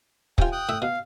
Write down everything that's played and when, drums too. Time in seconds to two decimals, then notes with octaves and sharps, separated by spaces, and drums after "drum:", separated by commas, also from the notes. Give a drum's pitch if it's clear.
0.38 C3 F4 G5 G#5, drum: kick
0.52 G5 D#6 F#6
0.69 A2 E5
0.82 B2 F5